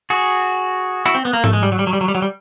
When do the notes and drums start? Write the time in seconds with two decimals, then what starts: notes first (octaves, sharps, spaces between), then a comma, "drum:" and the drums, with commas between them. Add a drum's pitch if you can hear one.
0.10 F#4 G#4
1.06 E4 F#4
1.15 C4
1.25 B3
1.33 A#3
1.44 A3, drum: tom G#2
1.53 G#3
1.63 G3
1.72 F#3
1.79 G3
1.87 F#3
1.93 G3
2.01 F#3
2.08 G3
2.15 F#3
2.22 G3